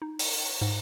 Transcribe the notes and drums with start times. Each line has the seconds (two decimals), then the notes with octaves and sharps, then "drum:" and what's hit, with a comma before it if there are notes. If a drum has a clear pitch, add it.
0.02 D#4
0.19 drum: open hi-hat
0.61 G#2